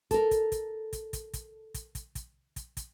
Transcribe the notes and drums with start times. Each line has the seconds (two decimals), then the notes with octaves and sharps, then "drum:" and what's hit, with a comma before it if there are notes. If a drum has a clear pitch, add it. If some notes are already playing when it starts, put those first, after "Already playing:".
0.11 A4 A#4, drum: kick, hi-hat
0.31 drum: kick, hi-hat
0.52 drum: kick, hi-hat
0.93 drum: kick, hi-hat
1.13 drum: kick, hi-hat
1.33 drum: kick, hi-hat
1.74 drum: kick, hi-hat
1.95 drum: kick, hi-hat
2.15 drum: kick, hi-hat
2.56 drum: kick, hi-hat
2.77 drum: kick, hi-hat